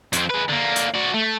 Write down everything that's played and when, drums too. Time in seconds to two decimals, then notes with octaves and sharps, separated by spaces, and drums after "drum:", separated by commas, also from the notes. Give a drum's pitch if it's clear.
0.13 F2 C4, drum: hi-hat
0.30 G#3 B4
0.50 D3 A#3
0.76 drum: hi-hat
0.95 F#4 D5
1.14 A3